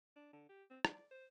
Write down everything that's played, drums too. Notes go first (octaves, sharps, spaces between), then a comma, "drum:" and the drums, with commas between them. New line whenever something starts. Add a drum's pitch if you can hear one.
D4
D3
G4
C4
D5, drum: rim click
C5